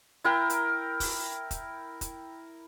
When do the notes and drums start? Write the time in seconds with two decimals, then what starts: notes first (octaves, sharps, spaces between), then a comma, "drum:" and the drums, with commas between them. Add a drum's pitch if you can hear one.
0.24 E4 A#4 G5
0.50 drum: hi-hat
1.00 drum: kick, open hi-hat
1.51 drum: kick, hi-hat
2.01 drum: kick, hi-hat